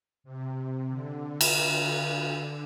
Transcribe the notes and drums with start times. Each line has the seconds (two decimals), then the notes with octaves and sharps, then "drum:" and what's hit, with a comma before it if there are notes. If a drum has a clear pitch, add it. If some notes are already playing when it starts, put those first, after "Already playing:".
0.24 C3
0.89 D3
1.41 drum: cymbal